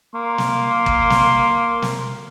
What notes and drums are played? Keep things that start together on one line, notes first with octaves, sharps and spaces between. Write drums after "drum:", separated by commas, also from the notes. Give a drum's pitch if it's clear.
A#3 C6
drum: snare
drum: kick
drum: snare
drum: snare